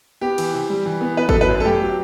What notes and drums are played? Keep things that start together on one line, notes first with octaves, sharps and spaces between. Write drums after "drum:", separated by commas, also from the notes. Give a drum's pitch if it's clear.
B3 G4
E3, drum: cymbal
C3
G3
E3
B3
B3 B4
A4, drum: kick G#1
F#3
B4
F#2
A4
A3 G4
F#3